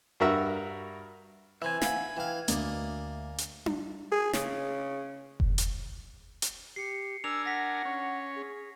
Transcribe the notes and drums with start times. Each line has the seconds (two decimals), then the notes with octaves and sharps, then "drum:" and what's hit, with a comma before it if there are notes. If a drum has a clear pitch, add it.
0.20 G2 F#4 A#4 E5
1.62 E3 C4 E5 G#5
1.82 F5 F#5 B5, drum: snare
2.17 E3 F5 G5
2.48 D2 A#3 D5 D#5, drum: hi-hat
3.38 drum: hi-hat
3.66 drum: tom D4
4.12 G#4
4.33 C#3, drum: snare
5.40 drum: kick F1
5.58 drum: hi-hat
6.42 drum: hi-hat
6.76 G4 C7 C#7
7.24 D4 A#4 G#5 E6 F7
7.45 F#5 A#6 B6
7.85 C#4
8.36 G#4